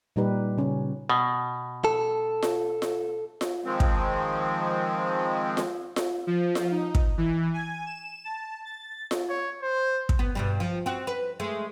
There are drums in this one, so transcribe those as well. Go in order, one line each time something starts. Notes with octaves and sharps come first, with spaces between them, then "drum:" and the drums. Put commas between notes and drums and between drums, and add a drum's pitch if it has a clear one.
A#2 G3 D#4 G4 B4
C#3 C#4
B2
A4
drum: snare F4
drum: snare F4
drum: snare F4
D#3 F3 G#3 C4
drum: kick
drum: snare F4
drum: snare F4
F3
drum: snare F4
D#4
drum: kick
E3
G#5
E7
A5
A6
drum: snare F4
C#5
C5
drum: kick
B3
G2 B2 G3
F3
C4 F#4
B4
G#3 A3